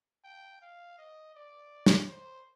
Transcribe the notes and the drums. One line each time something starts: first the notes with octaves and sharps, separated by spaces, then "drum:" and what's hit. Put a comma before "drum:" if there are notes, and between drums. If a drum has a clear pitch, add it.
G5
F5
D#5
D5
drum: snare
C5